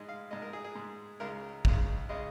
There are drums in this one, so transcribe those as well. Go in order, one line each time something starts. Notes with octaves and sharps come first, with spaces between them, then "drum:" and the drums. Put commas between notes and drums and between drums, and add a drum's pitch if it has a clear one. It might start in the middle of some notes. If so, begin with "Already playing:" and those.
Already playing: G#2 G#3 D#5
F5
G#2 G#3 D#5
A#4
G#4
G#4
G#2 G#3
C#2 C#3 G#3 A#4
C#2 C#3 G#3, drum: kick
C#3 G#3 D#5